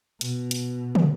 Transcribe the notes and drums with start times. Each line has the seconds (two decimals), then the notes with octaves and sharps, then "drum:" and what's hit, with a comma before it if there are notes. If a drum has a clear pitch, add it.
0.21 B2, drum: hi-hat
0.51 drum: hi-hat
0.95 drum: tom